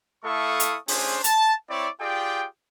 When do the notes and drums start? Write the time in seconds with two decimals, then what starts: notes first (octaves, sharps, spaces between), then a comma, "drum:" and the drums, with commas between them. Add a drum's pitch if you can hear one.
0.25 A3 E4 A4 F5 C#6 D#6
0.60 drum: hi-hat
0.88 A3 C#4 D4 G#4 C5, drum: open hi-hat
1.24 A5, drum: hi-hat
1.70 C4 E4 C#5 D5
2.01 F4 G4 G#4 D5 G5